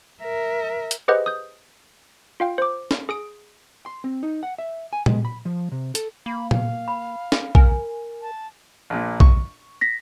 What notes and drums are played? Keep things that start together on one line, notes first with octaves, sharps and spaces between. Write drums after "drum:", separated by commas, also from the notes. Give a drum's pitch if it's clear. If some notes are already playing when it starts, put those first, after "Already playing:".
A#4 E5
drum: hi-hat
G4 G#4 B4 C5 D#5 F#5
D#6 G6
F4 F5 G5
C5 D6
drum: snare
G#4 D#6 D7
C6
C4
D#4
F#5
E5
G#5
G#3, drum: tom A#2
B5
F3
C3
A4, drum: hi-hat
A#3 B5
F5, drum: tom A#2
B5
drum: snare
A#4 G#5, drum: kick
A5
A#1 A#2
C#6, drum: kick
A#6 B6